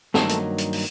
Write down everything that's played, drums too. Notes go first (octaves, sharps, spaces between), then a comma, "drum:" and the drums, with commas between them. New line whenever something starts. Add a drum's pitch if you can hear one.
G2 D#3 F#3 A3 A#3 D#4 A4, drum: snare
drum: hi-hat
drum: hi-hat
drum: open hi-hat